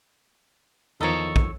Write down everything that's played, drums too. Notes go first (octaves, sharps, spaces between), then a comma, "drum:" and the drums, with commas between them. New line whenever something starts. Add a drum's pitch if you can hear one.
E2 D#3 F3 A4 C#5 D#5 A#5
drum: kick